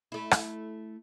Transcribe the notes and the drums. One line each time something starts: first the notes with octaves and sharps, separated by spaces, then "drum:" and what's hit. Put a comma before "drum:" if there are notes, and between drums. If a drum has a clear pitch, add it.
A3 E4
drum: rim click